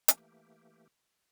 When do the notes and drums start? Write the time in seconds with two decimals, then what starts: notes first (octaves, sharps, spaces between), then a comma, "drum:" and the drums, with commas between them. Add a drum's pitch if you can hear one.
0.08 E3 A3 A#3 G4, drum: hi-hat